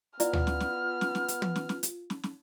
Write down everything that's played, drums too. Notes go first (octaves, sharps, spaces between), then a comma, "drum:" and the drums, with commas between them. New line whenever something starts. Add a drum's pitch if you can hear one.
B3 E4 F4 D5 F6, drum: hi-hat
drum: tom D2
drum: snare
drum: snare
drum: snare
drum: snare
drum: hi-hat
drum: tom
drum: snare
drum: snare
drum: hi-hat
drum: snare
drum: snare